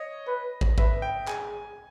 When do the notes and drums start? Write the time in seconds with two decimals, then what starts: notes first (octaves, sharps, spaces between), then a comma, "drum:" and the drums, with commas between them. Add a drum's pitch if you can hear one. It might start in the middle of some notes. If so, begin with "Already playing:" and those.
Already playing: C#5 D#5
0.27 B4
0.61 drum: kick
0.78 B4 E5, drum: kick
1.02 G5
1.28 G#4 G#5, drum: clap